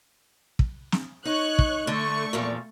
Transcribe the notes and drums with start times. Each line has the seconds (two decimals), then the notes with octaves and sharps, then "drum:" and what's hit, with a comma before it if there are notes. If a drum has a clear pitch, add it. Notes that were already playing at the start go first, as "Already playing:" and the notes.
0.59 drum: kick
0.92 drum: snare
1.25 D#4 C#5 C#6 F#6
1.59 drum: kick
1.87 D3 A3 C#6
2.33 E2 A#2 F3